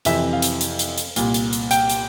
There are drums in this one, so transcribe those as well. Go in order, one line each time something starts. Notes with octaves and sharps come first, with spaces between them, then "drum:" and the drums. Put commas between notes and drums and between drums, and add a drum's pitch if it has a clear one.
F2 C3 E3 E5, drum: hi-hat
F5
drum: hi-hat
drum: hi-hat
drum: hi-hat
drum: hi-hat
C2 A#2, drum: hi-hat
drum: hi-hat
drum: hi-hat
G5, drum: hi-hat
drum: hi-hat